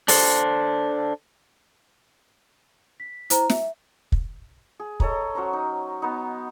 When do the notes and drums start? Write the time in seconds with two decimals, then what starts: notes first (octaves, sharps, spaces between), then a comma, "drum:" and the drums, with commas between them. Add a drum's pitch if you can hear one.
0.08 D4 A4 C5, drum: open hi-hat
3.00 B6
3.30 E4 C5 A#5, drum: hi-hat
3.50 E5, drum: snare
4.12 drum: kick
4.80 G#4
5.00 A4 C#5 D#5 A#5, drum: kick
5.35 F#3 C#4 C5 A#5
5.53 D#4
6.02 B3 D#4